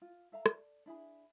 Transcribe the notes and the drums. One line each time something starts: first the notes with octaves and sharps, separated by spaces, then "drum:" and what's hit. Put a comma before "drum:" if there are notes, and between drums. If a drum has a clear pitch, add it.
F4
A4 E5 F5 A#5
A4 D5, drum: rim click
D4 E4 G#4 B5